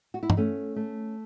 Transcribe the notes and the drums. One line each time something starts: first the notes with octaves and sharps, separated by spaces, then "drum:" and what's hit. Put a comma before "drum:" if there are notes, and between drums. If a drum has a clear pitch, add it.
F#4
E4
D#4, drum: tom G2
A3 C#4
A3